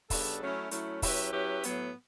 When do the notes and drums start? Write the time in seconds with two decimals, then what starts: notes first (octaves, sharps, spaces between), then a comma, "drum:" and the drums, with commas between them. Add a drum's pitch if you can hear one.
0.10 C#3 G3 B3 D4 A4, drum: kick, open hi-hat
0.41 F#3 A3 C#4 E4
0.71 F#3 A3 C#4 E4, drum: hi-hat
1.02 F#3 C#4 E4 G4 B4, drum: kick, open hi-hat
1.33 F#3 C#4 E4 G4 B4
1.63 A2 F#3 B3, drum: hi-hat